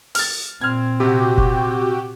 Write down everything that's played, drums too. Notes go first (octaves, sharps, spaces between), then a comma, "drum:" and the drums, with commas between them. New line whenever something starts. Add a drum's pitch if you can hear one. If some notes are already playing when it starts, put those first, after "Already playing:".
F6 A6, drum: open hi-hat
A#2 C4 F6 G#6
C3 F#4 G4
drum: kick F1